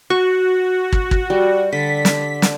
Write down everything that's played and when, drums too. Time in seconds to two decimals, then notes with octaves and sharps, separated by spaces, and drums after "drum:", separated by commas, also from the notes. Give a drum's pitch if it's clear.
0.10 F#4 C#6
0.92 drum: kick
1.11 drum: kick
1.30 G3
1.72 D3 B6
2.05 drum: snare
2.42 drum: snare